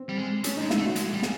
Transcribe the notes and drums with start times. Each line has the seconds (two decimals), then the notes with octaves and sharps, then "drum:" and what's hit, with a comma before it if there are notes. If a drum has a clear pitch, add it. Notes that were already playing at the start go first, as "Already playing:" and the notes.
Already playing: C4
0.09 G3
0.18 G#3
0.44 A3 C#4, drum: hi-hat
0.57 G#3 D#4
0.70 E4, drum: snare
0.78 A3
0.83 F#4
0.96 G#3, drum: hi-hat
1.14 G3
1.23 G#4, drum: snare